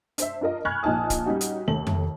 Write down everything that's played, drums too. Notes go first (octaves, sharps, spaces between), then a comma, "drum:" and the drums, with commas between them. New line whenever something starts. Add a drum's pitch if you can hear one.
D4 C5 E5, drum: hi-hat
D4 F4 A#4 D#5
G#5 B5 C#6 F6 F#6 G#6
A#1 A#2 D#4 G#5 A5 D#6
drum: kick, hi-hat
G3 C#4 D#4 F#4
drum: hi-hat
D#2 A3 F#7
drum: tom F2